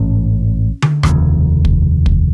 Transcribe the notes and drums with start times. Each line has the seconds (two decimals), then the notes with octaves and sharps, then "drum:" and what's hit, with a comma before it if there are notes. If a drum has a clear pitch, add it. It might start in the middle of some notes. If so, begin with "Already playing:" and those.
Already playing: A1 G#2 C#4
0.82 drum: tom D3
1.03 F1 D#2 C#3, drum: rim click
1.65 drum: kick
2.06 drum: kick